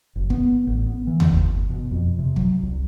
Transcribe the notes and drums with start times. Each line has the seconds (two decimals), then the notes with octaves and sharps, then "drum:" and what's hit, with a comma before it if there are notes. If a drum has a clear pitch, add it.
0.16 F#1
0.30 B3, drum: kick
0.67 A1
0.86 B3
1.07 E3
1.20 drum: tom D#2
1.31 G1
1.70 B2
1.91 F2
2.19 C3
2.36 F#3, drum: kick
2.63 C2